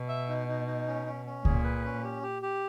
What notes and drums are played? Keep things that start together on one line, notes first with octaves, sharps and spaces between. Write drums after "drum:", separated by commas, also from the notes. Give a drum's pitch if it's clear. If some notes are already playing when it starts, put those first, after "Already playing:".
Already playing: B2
E5
D#4
D#4
D#4
C#4
C#4
C#4
A#2 G#4, drum: kick C#2
B4
C#4
G4
G4
G4